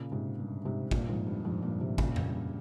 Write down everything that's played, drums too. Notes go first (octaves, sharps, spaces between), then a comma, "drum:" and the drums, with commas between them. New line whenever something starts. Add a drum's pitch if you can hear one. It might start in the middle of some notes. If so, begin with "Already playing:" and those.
Already playing: A#2 C#3
G#2 C3
G2
G#2 C3
G2 A#2, drum: kick G#1
F2 G#2
G2
F2 G#2
G2 A#2
G#2 C3
A#2 C#3, drum: kick G#1
drum: tom F2
G2